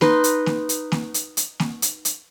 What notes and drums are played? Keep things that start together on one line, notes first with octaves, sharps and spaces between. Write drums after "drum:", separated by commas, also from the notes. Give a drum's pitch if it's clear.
D#4 B4 C6, drum: snare A#3
drum: hi-hat
drum: snare A#3
drum: hi-hat
drum: snare A#3
drum: hi-hat
drum: hi-hat
drum: snare A#3
drum: hi-hat
drum: hi-hat